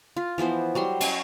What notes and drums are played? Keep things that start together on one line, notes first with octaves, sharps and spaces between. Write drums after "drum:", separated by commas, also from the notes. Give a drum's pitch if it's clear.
F4
E3 F3 B3 C5
F#3 G3 C6
C#4, drum: cymbal